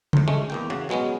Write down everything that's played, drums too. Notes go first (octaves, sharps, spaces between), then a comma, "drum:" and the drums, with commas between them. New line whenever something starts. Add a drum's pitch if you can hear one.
C#2 A2, drum: tom C#3
G#3 A3 C#4
E2 A#3 G5
A1 C#3 F#4
B2 F#3 G#3 B3 C#4